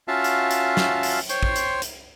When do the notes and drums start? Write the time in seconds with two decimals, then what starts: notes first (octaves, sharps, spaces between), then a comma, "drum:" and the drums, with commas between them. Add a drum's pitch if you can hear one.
0.08 C#4 F4 F#4 E5 F5 A5
0.24 drum: hi-hat
0.51 drum: hi-hat
0.77 drum: snare
1.03 drum: open hi-hat
1.29 C5 C#5 G5 C6 C#6, drum: hi-hat
1.43 drum: kick
1.56 drum: hi-hat
1.82 drum: hi-hat